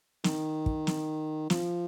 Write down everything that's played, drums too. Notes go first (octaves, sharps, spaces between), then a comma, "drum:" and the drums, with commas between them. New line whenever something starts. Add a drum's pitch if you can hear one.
D#3, drum: snare
drum: kick
drum: snare
F3, drum: snare